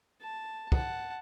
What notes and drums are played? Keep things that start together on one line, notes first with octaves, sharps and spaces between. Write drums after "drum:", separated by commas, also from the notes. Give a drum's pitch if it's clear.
A5
F#5 A5, drum: kick